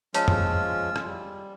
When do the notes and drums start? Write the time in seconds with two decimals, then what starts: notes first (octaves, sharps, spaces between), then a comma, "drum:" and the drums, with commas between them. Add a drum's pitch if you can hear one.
0.14 F3 G#3 C#4 F4 C#5 F5 A5 E6, drum: hi-hat
0.28 drum: tom F2
0.96 drum: rim click
1.06 G3